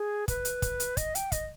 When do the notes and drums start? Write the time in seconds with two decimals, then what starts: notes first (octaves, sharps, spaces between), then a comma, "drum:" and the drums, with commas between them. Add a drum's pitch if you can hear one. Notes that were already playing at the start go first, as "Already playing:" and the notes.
Already playing: G#4
0.28 B4, drum: kick, hi-hat
0.45 drum: hi-hat
0.62 drum: kick, hi-hat
0.80 drum: hi-hat
0.97 D#5, drum: kick, hi-hat
1.15 G5, drum: hi-hat
1.32 D#5, drum: kick, hi-hat